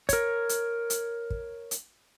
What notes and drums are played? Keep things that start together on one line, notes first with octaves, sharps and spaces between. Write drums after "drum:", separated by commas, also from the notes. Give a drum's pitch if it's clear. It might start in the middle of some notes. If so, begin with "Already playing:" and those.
A#4 C#5, drum: kick, hi-hat
drum: hi-hat
drum: hi-hat
drum: kick
drum: hi-hat